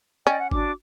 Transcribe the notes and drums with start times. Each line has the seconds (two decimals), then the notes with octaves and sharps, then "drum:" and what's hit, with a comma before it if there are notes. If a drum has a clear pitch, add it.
0.27 C#4 D5 D#5 G5
0.40 F#5
0.51 D4 F#4 D6, drum: kick G1